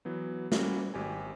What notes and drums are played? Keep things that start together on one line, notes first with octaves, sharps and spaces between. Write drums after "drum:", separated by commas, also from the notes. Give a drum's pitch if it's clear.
E3 F#3 B3
G3 A#3 C#4 E4 F#4, drum: snare
G#1 G4 G#5